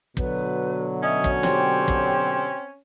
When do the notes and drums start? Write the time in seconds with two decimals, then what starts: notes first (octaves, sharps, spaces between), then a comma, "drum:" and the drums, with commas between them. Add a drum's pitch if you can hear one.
0.17 B2 D3 F#3 B4, drum: kick
1.03 C#4 D#5 E5
1.24 drum: kick
1.43 C4 G4, drum: snare
1.88 drum: kick